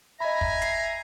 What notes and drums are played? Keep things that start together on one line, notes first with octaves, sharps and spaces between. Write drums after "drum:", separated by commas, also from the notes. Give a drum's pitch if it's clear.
D#5 E5 G#5 A#5 B5
drum: kick
C7, drum: hi-hat